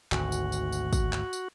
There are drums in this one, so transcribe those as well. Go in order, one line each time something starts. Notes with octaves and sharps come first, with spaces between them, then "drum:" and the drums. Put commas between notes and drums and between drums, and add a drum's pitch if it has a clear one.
G#1 D2 F#4, drum: clap
drum: tambourine
drum: tambourine
drum: tambourine
drum: kick, tambourine
drum: clap
drum: tambourine